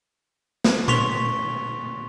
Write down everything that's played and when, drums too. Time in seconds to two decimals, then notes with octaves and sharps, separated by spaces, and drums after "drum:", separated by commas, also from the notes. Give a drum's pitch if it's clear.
0.64 drum: snare
0.88 C6 C#6 B6 F7 G7, drum: tom A#2